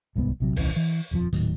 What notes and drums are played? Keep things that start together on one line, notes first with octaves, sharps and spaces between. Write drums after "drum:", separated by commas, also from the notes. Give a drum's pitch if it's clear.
D1 C2 G#2 B3
A#1 C3 F#3
D#1 C2 E3 C#4, drum: open hi-hat
E3
D#1 F2 B2 F3
D#1 A2 D#3 F#3, drum: hi-hat